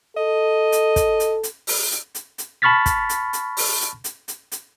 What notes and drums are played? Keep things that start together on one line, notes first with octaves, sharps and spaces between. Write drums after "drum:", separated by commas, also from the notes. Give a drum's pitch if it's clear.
A4 D#5
drum: hi-hat
drum: kick, hi-hat
drum: hi-hat
drum: hi-hat
drum: open hi-hat
drum: hi-hat
drum: hi-hat
drum: hi-hat
A5 B5 C#6 F6 A6 B6
drum: kick, hi-hat
drum: hi-hat
drum: hi-hat
drum: open hi-hat
drum: hi-hat
drum: hi-hat
drum: hi-hat
drum: hi-hat